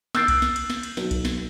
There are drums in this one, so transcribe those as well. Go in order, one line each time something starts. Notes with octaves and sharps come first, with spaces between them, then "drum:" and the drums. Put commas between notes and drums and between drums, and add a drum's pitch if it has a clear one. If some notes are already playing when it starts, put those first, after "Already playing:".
E6 F#6 G6 A6 C7 D7, drum: snare
drum: kick B1, cymbal
drum: snare
drum: cymbal
drum: snare
drum: cymbal
B1, drum: snare
drum: kick B1, cymbal
drum: snare